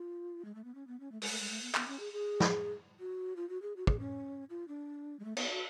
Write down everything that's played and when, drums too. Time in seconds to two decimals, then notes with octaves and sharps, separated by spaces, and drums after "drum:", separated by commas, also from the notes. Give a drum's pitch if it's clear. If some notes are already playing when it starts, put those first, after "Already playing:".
Already playing: F4
0.45 G#3
0.55 A3
0.64 B3
0.75 C#4
0.87 B3
1.00 C#4
1.12 A3
1.22 G#3, drum: open hi-hat
1.31 A3
1.40 G#3
1.50 A3
1.62 B3
1.74 B3, drum: clap
1.88 C#4
2.00 G#4
2.13 G#4
2.40 drum: snare
3.00 F#4
3.36 F4
3.49 F#4
3.62 G#4
3.77 F#4
3.87 G#4, drum: kick
4.00 C#4
4.50 F4
4.68 D4
5.19 G#3
5.25 A3
5.37 B3, drum: cymbal
5.50 F#4